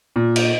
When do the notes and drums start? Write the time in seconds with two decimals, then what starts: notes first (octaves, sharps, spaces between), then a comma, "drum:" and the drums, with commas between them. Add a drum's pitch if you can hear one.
0.16 A#2
0.36 drum: cymbal